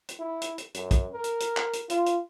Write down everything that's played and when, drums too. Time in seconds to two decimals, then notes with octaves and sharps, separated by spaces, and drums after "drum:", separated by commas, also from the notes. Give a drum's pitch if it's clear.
0.09 drum: hi-hat
0.19 E4
0.41 drum: hi-hat
0.58 drum: hi-hat
0.74 F#2, drum: hi-hat
0.91 drum: kick, hi-hat
1.13 A#4
1.24 drum: hi-hat
1.40 drum: hi-hat
1.57 drum: clap
1.73 drum: hi-hat
1.90 F4, drum: hi-hat
2.06 drum: hi-hat